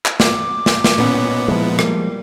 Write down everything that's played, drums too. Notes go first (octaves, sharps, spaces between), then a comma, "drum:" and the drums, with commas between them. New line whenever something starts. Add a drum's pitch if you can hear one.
drum: clap
D6, drum: snare
drum: snare
drum: snare
A#2 B3 C#4 D#4 D#5
F3 G#3 E4
G3 A#3, drum: rim click